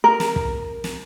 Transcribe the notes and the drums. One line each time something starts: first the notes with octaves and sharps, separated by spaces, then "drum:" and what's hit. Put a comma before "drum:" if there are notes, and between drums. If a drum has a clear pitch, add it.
A#4
drum: snare
drum: kick
drum: snare